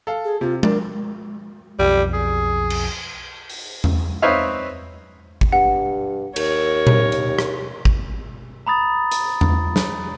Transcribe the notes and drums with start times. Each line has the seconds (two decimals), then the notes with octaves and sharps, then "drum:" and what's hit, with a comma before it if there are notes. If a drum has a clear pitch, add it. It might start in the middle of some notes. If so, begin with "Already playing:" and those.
0.07 A4 F5
0.25 G#4
0.41 C3 F4
0.63 D4 A#4, drum: tom G#3
1.79 B1 F2 G3
2.13 G#4
2.70 drum: cymbal
3.50 drum: open hi-hat
3.84 drum: tom E2
4.22 C4 D#4 B4 C#5 E5 F5
5.41 drum: kick G#1
5.52 G2 F#5
6.36 D#2 A#4 C#5, drum: cymbal
6.87 drum: tom A#2
7.12 drum: hi-hat
7.39 drum: rim click
7.85 drum: kick G#1
8.67 A#5 B5 D#6 A6
9.12 drum: hi-hat
9.41 drum: tom E2
9.76 drum: snare